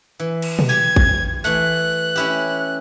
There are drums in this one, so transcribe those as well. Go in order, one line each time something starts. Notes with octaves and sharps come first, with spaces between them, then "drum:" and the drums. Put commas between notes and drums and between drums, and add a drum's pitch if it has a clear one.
E3
drum: cymbal
drum: tom B2
G4 G#6
drum: kick A1
E3 A3 F#6
C#4 E4 G4